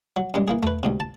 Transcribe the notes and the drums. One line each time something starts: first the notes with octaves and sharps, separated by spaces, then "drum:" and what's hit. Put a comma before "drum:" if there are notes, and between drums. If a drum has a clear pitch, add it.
F#3
F#2 G3 G#3
E3 A#3 G#4
A3 B4, drum: tom E2
D2 G#2 C3
A5